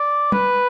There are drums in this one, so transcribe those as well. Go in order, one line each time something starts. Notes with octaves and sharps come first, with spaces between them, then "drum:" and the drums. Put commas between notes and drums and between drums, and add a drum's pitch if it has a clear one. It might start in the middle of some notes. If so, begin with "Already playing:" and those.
Already playing: D5
B4, drum: tom